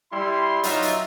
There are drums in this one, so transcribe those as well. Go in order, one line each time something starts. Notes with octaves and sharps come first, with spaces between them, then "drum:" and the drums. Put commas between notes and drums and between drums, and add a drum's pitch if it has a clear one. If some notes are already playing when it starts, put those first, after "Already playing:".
G3 E4 C6
F#3 D#4 F4 E5, drum: hi-hat
drum: hi-hat